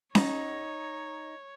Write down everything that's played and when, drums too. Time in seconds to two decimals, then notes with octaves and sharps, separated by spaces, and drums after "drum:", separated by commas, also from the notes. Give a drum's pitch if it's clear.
0.15 D#4 C#5, drum: snare C#4